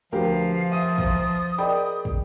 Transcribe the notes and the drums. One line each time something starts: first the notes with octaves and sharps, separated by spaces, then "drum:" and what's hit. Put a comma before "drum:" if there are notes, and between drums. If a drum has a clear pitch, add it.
D2 F3 G4 A#4 B4 F5
E5 F5 D#6 D#7
drum: kick
G#4 A#4 D5 D#5 G5 B5
drum: kick